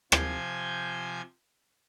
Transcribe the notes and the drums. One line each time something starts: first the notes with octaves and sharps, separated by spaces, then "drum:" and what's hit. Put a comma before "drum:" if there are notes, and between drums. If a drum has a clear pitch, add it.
C3 F3 C5 G#5 G6 G#6, drum: rim click